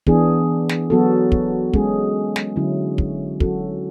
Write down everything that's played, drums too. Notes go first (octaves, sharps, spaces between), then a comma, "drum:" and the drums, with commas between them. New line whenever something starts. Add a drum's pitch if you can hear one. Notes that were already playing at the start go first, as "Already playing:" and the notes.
E3 B3 D4 G#4, drum: kick
drum: snare
F#3 B3 F#4 A4
drum: kick
G#3 C#4 G#4, drum: kick
drum: snare
D3 F#3 C#4 E4
drum: kick
F#3 C#4 F#4 A4, drum: kick